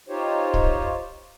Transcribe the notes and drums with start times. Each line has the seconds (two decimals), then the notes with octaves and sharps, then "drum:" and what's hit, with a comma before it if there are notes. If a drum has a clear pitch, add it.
0.08 D#4 F4 G4 C5 C#5
0.54 drum: kick